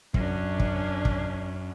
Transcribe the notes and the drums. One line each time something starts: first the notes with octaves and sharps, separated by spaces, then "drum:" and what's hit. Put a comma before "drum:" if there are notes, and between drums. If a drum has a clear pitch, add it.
F#2 C#4 D4, drum: kick
drum: kick
drum: kick